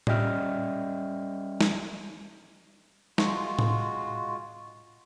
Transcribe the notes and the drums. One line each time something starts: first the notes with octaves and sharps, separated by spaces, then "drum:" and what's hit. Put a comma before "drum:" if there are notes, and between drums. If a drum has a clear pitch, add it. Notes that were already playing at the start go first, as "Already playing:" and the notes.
G3 C#4 D#5 E5 G5 F6, drum: tom A2
drum: snare
G#3 F4 F#4, drum: snare
drum: tom A2